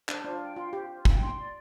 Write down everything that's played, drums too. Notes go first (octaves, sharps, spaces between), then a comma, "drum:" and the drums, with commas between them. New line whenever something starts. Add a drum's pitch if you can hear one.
D4 C5, drum: clap
D4 F4
G5
F4 C6
G4 C5
F4
G5, drum: kick
C6
D5